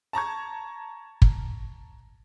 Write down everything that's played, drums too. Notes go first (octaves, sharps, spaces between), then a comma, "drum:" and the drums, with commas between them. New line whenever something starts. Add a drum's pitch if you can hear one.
A5 A#5 C#6 G#6
drum: kick